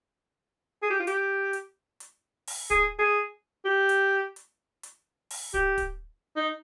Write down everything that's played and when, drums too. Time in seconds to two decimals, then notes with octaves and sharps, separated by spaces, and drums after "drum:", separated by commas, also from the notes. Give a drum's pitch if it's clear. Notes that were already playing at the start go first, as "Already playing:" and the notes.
0.83 G#4
0.90 G4
0.99 F4
1.07 G4, drum: hi-hat
1.53 drum: hi-hat
2.00 drum: hi-hat
2.47 drum: open hi-hat
2.70 G#4, drum: kick
2.99 G#4
3.65 G4
3.89 drum: hi-hat
4.36 drum: hi-hat
4.83 drum: hi-hat
5.30 drum: open hi-hat
5.54 G4, drum: kick
5.78 drum: kick, hi-hat
6.36 D#4